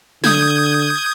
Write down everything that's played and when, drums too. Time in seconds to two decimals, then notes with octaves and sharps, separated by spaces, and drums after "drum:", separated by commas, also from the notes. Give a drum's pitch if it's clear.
0.24 D3 D#6 G6 G#6, drum: snare